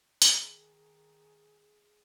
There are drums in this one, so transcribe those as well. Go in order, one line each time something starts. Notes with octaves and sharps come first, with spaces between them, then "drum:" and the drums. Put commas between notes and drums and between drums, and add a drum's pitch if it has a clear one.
D#3 G#4, drum: hi-hat